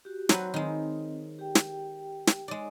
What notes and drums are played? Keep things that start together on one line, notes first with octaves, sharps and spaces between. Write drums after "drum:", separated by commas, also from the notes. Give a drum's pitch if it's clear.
F#4 G4
F#3 C4 F#4 B4 F#5, drum: snare
D#3 G#3 C4
G4 G5
drum: snare
drum: snare
G#3 D#4 C#5 D5